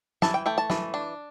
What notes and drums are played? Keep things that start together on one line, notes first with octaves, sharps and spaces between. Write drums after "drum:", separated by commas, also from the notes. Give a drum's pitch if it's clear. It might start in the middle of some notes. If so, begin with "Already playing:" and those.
E3 A5, drum: snare
G5
A3 G5
A5
E3, drum: snare
D4